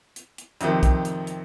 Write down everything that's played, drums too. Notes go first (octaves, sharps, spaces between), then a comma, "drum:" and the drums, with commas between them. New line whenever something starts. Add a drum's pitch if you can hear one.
drum: hi-hat
drum: hi-hat
F2 C3 D#3, drum: hi-hat
drum: kick, hi-hat
drum: hi-hat
drum: hi-hat